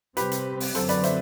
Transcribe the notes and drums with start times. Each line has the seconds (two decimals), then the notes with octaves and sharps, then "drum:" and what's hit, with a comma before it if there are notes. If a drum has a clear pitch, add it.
0.17 C3 G3 C4 G4 B4, drum: hi-hat
0.32 drum: hi-hat
0.60 drum: open hi-hat
0.75 F#2 D3 F#3 C4 A4 C5, drum: hi-hat
0.89 B4 D5, drum: hi-hat
1.04 C5 E5, drum: hi-hat